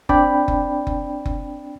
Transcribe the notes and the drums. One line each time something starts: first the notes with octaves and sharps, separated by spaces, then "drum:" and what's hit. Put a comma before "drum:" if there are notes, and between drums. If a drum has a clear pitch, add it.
C4 D4 D5 G5 B5, drum: kick F#1
drum: kick F#1
drum: kick F#1
drum: kick F#1